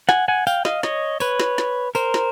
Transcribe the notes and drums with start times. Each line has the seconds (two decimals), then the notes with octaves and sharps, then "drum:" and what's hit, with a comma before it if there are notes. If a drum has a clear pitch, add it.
0.09 F#5 G#5, drum: snare
0.28 F#5 G#5
0.47 F5 G5, drum: tambourine
0.65 D#5 F5, drum: snare
0.83 C#5 D#5, drum: snare
1.20 B4 C#5, drum: tambourine
1.40 drum: snare
1.58 drum: snare
1.95 A#4 C5, drum: tambourine
2.14 drum: snare